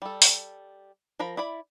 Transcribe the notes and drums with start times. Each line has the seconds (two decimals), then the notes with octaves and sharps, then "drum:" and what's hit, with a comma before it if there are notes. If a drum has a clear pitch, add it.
0.02 G3 A4
0.22 drum: open hi-hat
1.19 F3 A#4 A#5 B5
1.37 E4 D5 B5